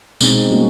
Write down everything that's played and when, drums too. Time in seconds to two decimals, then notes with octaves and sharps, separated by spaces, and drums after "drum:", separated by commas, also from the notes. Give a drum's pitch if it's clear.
0.21 B2 G#3 C4 D#4, drum: tambourine
0.50 G3 A#3 C#4 F#4